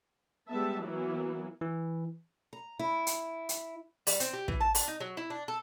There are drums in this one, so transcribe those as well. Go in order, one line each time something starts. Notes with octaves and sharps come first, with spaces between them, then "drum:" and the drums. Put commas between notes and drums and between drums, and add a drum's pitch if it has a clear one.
G3 G#3 B3 E5 A5
E3 F#3 A#3 B3 E4
E3
A#5
E4
drum: hi-hat
drum: hi-hat
G3, drum: open hi-hat
C4, drum: hi-hat
G4
E3, drum: kick
A5
D4, drum: open hi-hat
D#4
F#3
E4
D4
A4